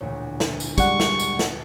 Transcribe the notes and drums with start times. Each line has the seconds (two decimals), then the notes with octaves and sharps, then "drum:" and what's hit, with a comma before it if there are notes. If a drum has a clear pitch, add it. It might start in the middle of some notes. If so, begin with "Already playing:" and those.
0.01 E1 D2 A#2 C#5
0.40 drum: snare
0.60 drum: tambourine
0.78 G3 G#3 D5 F#5 C#6, drum: kick, tambourine
1.00 drum: snare
1.20 drum: tambourine
1.39 drum: snare